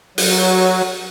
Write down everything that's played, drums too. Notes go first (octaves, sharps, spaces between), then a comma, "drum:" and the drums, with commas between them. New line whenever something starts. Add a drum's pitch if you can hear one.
F#3, drum: open hi-hat